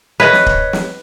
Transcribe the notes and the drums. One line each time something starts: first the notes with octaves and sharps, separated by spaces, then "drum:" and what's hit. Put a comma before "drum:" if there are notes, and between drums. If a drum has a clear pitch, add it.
B4 C#5 D#5
drum: snare
drum: kick
drum: snare